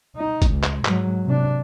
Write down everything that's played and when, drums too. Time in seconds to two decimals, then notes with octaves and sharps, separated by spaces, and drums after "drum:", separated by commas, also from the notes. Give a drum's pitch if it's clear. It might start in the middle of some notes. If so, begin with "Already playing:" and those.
0.16 D#4
0.42 drum: kick G1, hi-hat
0.51 C#2
0.63 drum: clap
0.85 G#2 F#3, drum: clap
1.25 C3 D4